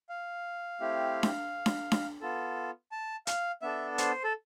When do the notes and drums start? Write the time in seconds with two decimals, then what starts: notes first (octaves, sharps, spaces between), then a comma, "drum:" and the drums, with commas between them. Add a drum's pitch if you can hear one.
0.09 F5
0.80 A3 C4 E4 G4
1.23 drum: snare D4
1.66 drum: snare D4
1.92 drum: snare D4
2.21 B3 F4 A4
2.91 A5
3.27 F5, drum: hi-hat
3.62 B3 D4 A4 E5
3.98 C5, drum: hi-hat
4.24 A4